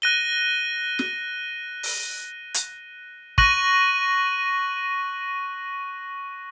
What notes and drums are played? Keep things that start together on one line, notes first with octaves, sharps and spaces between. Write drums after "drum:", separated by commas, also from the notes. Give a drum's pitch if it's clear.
F#6 A#6 D#7 G7
drum: snare
drum: open hi-hat
drum: hi-hat
C#6 F#6 A#6 D#7 F#7, drum: kick